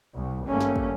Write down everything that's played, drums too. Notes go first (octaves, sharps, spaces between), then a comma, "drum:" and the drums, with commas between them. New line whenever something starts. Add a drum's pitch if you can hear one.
C2
G#1 G2 G3 A3 A#3 C#4
drum: snare
drum: kick